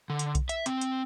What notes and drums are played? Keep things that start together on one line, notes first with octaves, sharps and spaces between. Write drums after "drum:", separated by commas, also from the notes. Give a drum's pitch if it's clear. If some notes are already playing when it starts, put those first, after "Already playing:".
D3
drum: hi-hat
drum: kick B1, hi-hat
E5, drum: hi-hat
C4, drum: hi-hat
drum: hi-hat